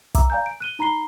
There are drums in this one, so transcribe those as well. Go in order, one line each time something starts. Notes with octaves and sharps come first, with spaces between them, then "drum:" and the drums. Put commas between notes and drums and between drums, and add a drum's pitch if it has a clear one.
E5 A#5 D6 E6, drum: kick, hi-hat
D5 F5 G#5 A#5 G6
D7
F#6 D#7 G7
D#4 A#5 B5 C7 G7